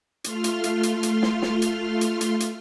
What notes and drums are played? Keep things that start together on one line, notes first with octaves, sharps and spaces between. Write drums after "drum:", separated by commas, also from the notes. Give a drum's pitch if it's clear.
A3 F4 C6 F6, drum: hi-hat
drum: hi-hat
drum: hi-hat
drum: hi-hat
drum: hi-hat
drum: snare
drum: snare
drum: hi-hat
drum: hi-hat
drum: hi-hat
drum: hi-hat